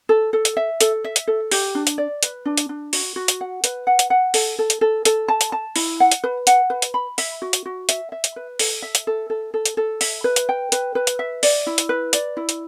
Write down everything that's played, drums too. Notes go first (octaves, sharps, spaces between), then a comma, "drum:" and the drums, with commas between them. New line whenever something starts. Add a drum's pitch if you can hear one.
A4
A4
drum: hi-hat
E5
A4, drum: hi-hat
E5
drum: hi-hat
A4
G4, drum: open hi-hat
D4
drum: hi-hat
D5
B4, drum: hi-hat
D4
drum: hi-hat
D4
F#4, drum: open hi-hat
F#4
drum: hi-hat
F#5
B4, drum: hi-hat
F#5
drum: hi-hat
F#5
A4, drum: open hi-hat
A4
drum: hi-hat
A4
A4, drum: hi-hat
A5
drum: hi-hat
A5
E4, drum: open hi-hat
F#5
drum: hi-hat
B4
F#5, drum: hi-hat
B4
drum: hi-hat
B5
E5, drum: open hi-hat
F#4
drum: hi-hat
F#4
E5, drum: hi-hat
E5
drum: hi-hat
B4
A4, drum: open hi-hat
E5
drum: hi-hat
A4
A4
A4
drum: hi-hat
A4
E5, drum: open hi-hat
B4
drum: hi-hat
G5
B4, drum: hi-hat
B4
drum: hi-hat
E5
D5, drum: open hi-hat
E4
drum: hi-hat
B4
D5, drum: hi-hat
E4
drum: hi-hat